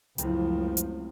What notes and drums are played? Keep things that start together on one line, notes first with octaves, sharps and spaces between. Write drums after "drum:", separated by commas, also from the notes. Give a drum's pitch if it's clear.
C#2 F#2 A2 C3 F3, drum: hi-hat
drum: hi-hat